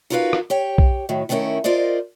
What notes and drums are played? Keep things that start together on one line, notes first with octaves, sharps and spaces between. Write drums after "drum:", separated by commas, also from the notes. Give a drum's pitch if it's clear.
D#4 F4 F#4 A#4 B4 F5
drum: rim click
G4 C#5 G5
drum: kick
A2 D#3 F#3
D#3 A3 B3 C#4 E4 A#4
F4 A#4 C5 D5 D#5